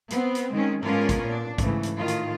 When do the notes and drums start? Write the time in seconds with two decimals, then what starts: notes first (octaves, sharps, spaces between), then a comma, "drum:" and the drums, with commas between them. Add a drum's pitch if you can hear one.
0.10 B3 C4, drum: hi-hat
0.35 drum: hi-hat
0.52 D#3 G#3 C4 C#4
0.82 G#3 B3 C#4 D4 F4 A#4, drum: tom G#2
1.09 drum: kick, hi-hat
1.25 A#2 D4
1.58 G#2 C#3 E3 A3, drum: kick, hi-hat
1.83 drum: hi-hat
1.96 A2 D#3 F4
2.08 drum: hi-hat